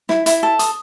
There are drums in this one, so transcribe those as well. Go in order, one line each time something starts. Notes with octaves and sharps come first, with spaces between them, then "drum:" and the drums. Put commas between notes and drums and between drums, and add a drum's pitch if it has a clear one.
E4, drum: snare
E4, drum: hi-hat
A4
D#6, drum: hi-hat